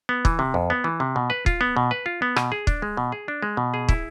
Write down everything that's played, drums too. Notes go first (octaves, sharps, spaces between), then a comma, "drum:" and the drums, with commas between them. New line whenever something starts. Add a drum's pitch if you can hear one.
B3
E3, drum: kick
C3
F2
B3
E3
C3
B2
B4
F4, drum: kick
B3
B2
B4
F4
B3
B2, drum: rim click
G#4
D4, drum: kick
G#3
B2
G#4
D4
G#3
B2
G#4
E4, drum: kick